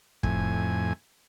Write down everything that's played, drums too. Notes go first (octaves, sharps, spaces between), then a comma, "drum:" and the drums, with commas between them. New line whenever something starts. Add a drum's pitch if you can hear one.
F2 A2 G#5, drum: kick